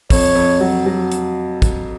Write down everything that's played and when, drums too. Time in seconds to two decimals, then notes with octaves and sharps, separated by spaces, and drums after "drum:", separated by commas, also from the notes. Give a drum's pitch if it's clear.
0.10 F2 C#5, drum: kick, open hi-hat
0.35 F2
0.60 F#3
0.86 F#3
1.12 drum: hi-hat
1.62 drum: kick, hi-hat